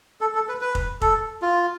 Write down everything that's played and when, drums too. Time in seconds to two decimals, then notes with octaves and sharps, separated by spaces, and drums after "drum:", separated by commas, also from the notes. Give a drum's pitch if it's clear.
0.21 A4
0.35 A4
0.49 B4
0.61 B4
0.75 drum: kick F1
1.01 A4, drum: kick F1
1.42 F4